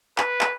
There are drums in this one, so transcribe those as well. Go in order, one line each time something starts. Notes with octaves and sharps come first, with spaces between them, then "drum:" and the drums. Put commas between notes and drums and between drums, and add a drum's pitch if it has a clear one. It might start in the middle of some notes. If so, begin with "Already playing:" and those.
B4, drum: clap
drum: clap